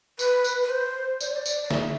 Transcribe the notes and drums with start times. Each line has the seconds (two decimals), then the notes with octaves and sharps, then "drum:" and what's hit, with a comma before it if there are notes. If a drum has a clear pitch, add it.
0.19 B4, drum: tambourine
0.44 drum: tambourine
0.63 B4
0.70 C5
1.21 D5, drum: tambourine
1.28 C5
1.36 D5
1.46 drum: tambourine
1.63 D5
1.71 E5, drum: snare